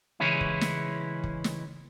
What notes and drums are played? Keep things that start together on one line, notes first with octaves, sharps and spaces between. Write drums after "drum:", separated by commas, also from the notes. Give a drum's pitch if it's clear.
C#3 E3 G#3 C#4 E4
drum: kick
drum: snare
drum: kick
drum: snare